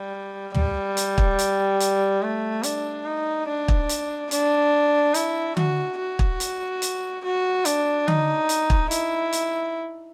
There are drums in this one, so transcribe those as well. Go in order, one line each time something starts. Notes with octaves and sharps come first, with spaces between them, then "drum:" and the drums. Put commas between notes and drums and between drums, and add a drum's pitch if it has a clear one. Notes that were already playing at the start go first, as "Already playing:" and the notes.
Already playing: G3
G3, drum: tom
drum: hi-hat
drum: kick
drum: hi-hat
drum: hi-hat
A3
D4, drum: hi-hat
D#4
D4
drum: kick
drum: hi-hat
D4, drum: hi-hat
E4, drum: hi-hat
F#4, drum: tom D3
F#4
drum: kick
drum: hi-hat
drum: hi-hat
F#4
D4, drum: hi-hat
D#4, drum: tom D3
drum: hi-hat
drum: kick
E4, drum: hi-hat
drum: hi-hat